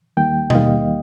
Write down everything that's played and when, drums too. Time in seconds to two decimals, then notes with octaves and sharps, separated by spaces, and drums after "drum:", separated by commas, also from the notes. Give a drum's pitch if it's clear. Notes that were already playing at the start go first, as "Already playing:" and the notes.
0.17 D#2 D#3 G3 A#3 G5
0.50 D#5, drum: tom B2
0.55 D#2 D#3 G3 A#3 F5